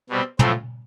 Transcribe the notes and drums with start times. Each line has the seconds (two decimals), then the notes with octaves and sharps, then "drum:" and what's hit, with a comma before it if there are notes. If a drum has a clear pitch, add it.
0.10 B2 G3 C4
0.39 A2 F3 A3 C4, drum: tom